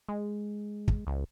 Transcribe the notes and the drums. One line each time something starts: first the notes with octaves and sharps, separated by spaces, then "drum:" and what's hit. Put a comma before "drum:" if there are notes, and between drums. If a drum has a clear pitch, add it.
G#3
drum: kick
C#2